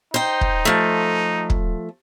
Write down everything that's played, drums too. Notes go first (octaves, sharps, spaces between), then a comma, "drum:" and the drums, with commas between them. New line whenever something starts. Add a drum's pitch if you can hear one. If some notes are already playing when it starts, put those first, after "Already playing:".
D#4 C5 G5
drum: kick
F3 A3
drum: kick